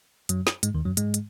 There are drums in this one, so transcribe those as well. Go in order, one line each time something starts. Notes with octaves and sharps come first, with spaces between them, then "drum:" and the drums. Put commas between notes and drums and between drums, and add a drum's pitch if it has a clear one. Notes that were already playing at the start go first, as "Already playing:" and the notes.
F#2 F#3, drum: hi-hat
drum: snare
G#2 G#3, drum: hi-hat
D#2 D#3
F#2 F#3
G#2 G#3, drum: hi-hat
drum: hi-hat